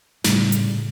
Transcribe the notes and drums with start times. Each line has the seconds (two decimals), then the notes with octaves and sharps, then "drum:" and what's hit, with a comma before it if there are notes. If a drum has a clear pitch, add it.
0.24 A2 C#3 G3 A3, drum: snare
0.52 drum: hi-hat